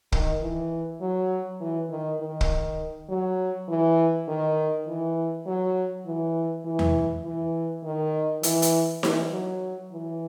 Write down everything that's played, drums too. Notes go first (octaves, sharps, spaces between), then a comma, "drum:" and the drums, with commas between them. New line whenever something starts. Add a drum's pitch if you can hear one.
D#3, drum: kick
E3
F#3
E3
D#3
D#3
drum: kick
F#3
E3
D#3
E3
F#3
E3
E3
drum: tom E2
E3
D#3
E3, drum: hi-hat
drum: hi-hat
E3, drum: snare D#4
F#3
E3